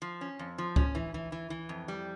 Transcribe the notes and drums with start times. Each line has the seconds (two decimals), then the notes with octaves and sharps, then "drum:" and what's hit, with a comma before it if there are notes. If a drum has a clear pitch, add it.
0.02 F3
0.21 C#4
0.39 F2
0.58 F3
0.76 C#4, drum: kick C#2
0.95 E3
1.14 E3
1.32 E3
1.50 E3
1.69 F2
1.88 G3